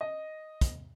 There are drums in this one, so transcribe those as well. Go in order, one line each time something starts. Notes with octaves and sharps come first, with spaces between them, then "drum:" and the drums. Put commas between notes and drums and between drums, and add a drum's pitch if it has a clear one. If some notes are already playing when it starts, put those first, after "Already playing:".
D#5
drum: kick, hi-hat